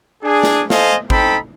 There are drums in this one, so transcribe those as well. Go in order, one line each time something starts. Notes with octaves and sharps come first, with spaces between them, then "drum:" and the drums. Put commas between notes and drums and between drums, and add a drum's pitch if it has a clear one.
D4 G#4
drum: snare
A4 C5 D#5 F5 G#5, drum: snare
C4 D#4 A4 G5 B5, drum: kick